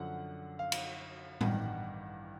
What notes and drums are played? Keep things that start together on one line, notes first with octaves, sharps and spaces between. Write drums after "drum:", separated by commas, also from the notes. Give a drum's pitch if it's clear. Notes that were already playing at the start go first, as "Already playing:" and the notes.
Already playing: F#2 D3 F3 F#5
F5
drum: cymbal
A1 G2 D#3 F#5, drum: tom A2